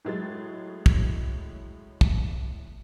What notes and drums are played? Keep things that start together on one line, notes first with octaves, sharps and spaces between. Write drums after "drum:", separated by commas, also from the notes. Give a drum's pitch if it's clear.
A2 F#3 G#3 A6
drum: kick
drum: kick